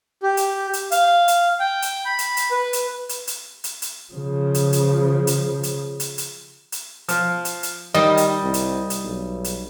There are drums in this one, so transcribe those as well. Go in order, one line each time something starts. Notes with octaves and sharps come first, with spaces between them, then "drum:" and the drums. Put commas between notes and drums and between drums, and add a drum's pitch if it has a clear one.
G4
drum: hi-hat
drum: hi-hat
F5, drum: hi-hat
drum: hi-hat
G5
drum: hi-hat
B5
drum: hi-hat
drum: hi-hat
B4
drum: hi-hat
drum: hi-hat
drum: hi-hat
drum: hi-hat
drum: hi-hat
C#3 F3
drum: hi-hat
drum: hi-hat
drum: hi-hat
drum: hi-hat
drum: hi-hat
drum: hi-hat
drum: hi-hat
F3, drum: hi-hat
drum: hi-hat
drum: hi-hat
D#3 G3 D#5
drum: hi-hat
C2
drum: hi-hat
drum: hi-hat
B1
drum: hi-hat